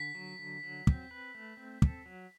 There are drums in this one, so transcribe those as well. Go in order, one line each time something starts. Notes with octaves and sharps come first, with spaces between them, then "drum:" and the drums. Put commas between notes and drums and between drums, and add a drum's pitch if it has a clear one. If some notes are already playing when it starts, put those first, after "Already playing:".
Already playing: D3 B6
F#3
D3
F#3
C4, drum: kick
B4
A3
C4
A4, drum: kick
F#3